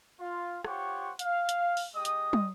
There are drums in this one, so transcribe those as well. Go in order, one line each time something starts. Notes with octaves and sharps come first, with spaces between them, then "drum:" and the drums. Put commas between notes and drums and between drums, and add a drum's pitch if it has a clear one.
F4
F4 G4 C5 C#5 F#5 C#6, drum: rim click
F5, drum: hi-hat
drum: hi-hat
drum: open hi-hat
G#3 G4 D#5 D#6
drum: hi-hat
drum: tom